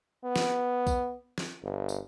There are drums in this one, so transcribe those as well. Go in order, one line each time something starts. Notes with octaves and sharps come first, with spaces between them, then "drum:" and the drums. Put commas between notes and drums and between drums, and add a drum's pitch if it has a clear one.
B3
drum: snare
drum: kick B1, tambourine
drum: snare
G1
drum: tambourine